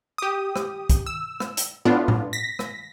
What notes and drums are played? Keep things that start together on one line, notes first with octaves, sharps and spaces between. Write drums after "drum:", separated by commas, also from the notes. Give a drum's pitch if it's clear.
G4 D#6
drum: rim click
drum: kick, hi-hat
E6
drum: rim click
drum: hi-hat
A2 B3 D4 F4
drum: tom A2
A#6 B6
drum: rim click